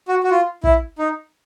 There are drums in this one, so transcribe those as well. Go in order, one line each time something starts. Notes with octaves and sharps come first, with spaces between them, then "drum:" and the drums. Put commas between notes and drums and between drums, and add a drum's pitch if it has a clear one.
F#4
F#4
F4
E4, drum: kick
D#4